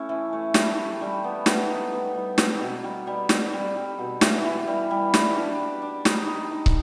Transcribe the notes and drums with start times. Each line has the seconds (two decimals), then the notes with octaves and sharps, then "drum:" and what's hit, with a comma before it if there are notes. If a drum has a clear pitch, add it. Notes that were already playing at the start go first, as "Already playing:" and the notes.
Already playing: A3 C#4 E4
0.09 E3
0.33 A3
0.54 G3, drum: snare
0.79 G4
1.01 G3
1.24 B3
1.46 B3, drum: snare
1.70 D#4
1.93 B3
2.16 G3
2.38 C4, drum: snare
2.61 B2
2.84 G3
3.07 G3
3.29 C4, drum: snare
3.53 G3
3.76 G3
3.99 B2
4.21 E3, drum: snare
4.45 E3
4.67 G3
4.91 G3
5.14 G3, drum: snare
5.36 D4
5.59 D4
5.82 D4
6.05 D#4, drum: snare
6.27 D#4
6.51 D#4
6.66 drum: kick